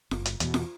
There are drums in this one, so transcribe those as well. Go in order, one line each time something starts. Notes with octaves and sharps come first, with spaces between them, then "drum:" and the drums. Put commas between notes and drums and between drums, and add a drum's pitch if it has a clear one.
F#1, drum: snare
drum: hi-hat
E2 B2, drum: hi-hat
drum: snare